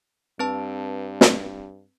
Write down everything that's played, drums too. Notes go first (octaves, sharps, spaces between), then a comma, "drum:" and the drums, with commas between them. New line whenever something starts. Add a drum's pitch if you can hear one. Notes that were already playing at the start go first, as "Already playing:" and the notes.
G2 C4 B4 A5
drum: snare